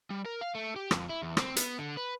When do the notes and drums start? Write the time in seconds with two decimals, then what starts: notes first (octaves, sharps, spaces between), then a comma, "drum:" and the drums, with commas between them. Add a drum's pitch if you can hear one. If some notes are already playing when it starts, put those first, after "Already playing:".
0.10 G3
0.26 A#4
0.41 F5
0.55 A3
0.76 G4
0.91 F2, drum: rim click
1.09 E4
1.22 E2
1.37 C4, drum: rim click
1.56 B3, drum: hi-hat
1.79 D3
1.97 B4